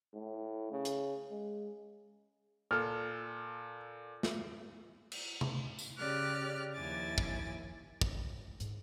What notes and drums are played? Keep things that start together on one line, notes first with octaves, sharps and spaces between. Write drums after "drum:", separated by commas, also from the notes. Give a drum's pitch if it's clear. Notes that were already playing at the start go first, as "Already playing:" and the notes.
A2
C#3
drum: hi-hat
G#3
A#2 A4 F6
drum: snare
drum: cymbal
drum: tom C3
drum: tambourine
C#3 G4 D5 F6 F#6
D#2 F3 E4 G#5 D6 A6
drum: kick
A3, drum: kick
G#2, drum: hi-hat